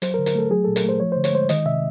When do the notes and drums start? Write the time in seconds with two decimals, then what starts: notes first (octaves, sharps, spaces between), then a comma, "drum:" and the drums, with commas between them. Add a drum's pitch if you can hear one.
0.02 F#3 C5, drum: hi-hat
0.14 A#4
0.19 D3
0.26 A#4, drum: hi-hat
0.35 A3 A4
0.51 F#3 G#4
0.64 A#2 A4
0.76 A#4, drum: hi-hat
0.84 A3 C5
1.00 F3 C#5
1.12 D3 C5
1.24 C#5, drum: hi-hat
1.33 G#3 C5
1.49 D#3 D#5, drum: hi-hat
1.66 C3 E5